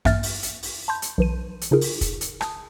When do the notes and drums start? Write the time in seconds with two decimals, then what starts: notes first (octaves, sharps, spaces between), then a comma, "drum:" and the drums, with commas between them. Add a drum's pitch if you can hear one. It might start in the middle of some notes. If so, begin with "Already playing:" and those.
0.05 A1 G2 A#3 E5 F6 A6, drum: rim click
0.23 drum: open hi-hat
0.43 drum: hi-hat
0.63 drum: open hi-hat
0.88 A5 B5 C6 G6
1.02 drum: hi-hat
1.18 B1 E3 D#7
1.61 drum: hi-hat
1.71 C#3 D#4 F4 G#4 A#4
1.81 drum: open hi-hat
2.01 drum: kick, hi-hat
2.21 drum: hi-hat
2.41 A5 D#6, drum: rim click